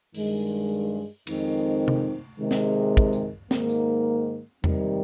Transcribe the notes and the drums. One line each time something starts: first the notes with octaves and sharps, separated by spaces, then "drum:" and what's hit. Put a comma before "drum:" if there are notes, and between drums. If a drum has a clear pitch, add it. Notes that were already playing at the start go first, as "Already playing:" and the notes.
G2 D#3 G#3, drum: open hi-hat
F2 D#3 G#3 C4 D#4, drum: cymbal
drum: tom C3
C3 D#3 G#3
drum: snare
drum: kick
drum: tambourine
G#2 D#3 A#3, drum: snare
drum: tambourine
C3 D#3 G3, drum: tom E2